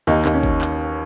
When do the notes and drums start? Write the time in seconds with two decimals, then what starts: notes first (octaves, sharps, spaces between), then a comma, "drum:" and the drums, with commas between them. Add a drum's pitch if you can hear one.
0.07 D#2 D#4
0.25 D#2, drum: clap
0.34 C#4
0.43 drum: kick
0.61 drum: clap